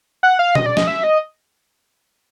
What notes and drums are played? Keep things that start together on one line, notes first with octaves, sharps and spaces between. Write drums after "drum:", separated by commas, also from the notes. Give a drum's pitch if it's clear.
F#5
F5
D#5, drum: tom B2
D5
D#5, drum: snare
E5
D#5